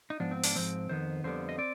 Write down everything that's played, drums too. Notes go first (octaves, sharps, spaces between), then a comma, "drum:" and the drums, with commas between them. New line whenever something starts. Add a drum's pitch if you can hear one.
D#4
G#2 F3 B3 D4
C4
D4, drum: open hi-hat
G#2 F3 C4
F2 D#3 B3 C5
F2 D3 G3 B3 C5
D#5
C4 D5